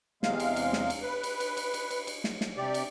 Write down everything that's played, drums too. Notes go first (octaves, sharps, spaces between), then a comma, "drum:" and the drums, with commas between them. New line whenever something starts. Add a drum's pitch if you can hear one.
E2 C3 G#3 F5, drum: snare
drum: cymbal
drum: cymbal
drum: snare
drum: cymbal
B4
drum: cymbal
drum: cymbal
drum: cymbal
drum: cymbal
drum: cymbal
drum: cymbal
drum: snare
drum: snare
C3 G4 D5
drum: cymbal